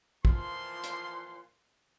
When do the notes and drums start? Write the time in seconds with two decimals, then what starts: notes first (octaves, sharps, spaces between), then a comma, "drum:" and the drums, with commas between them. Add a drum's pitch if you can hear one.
0.25 A#2 E3 F3 C6, drum: kick
0.84 drum: hi-hat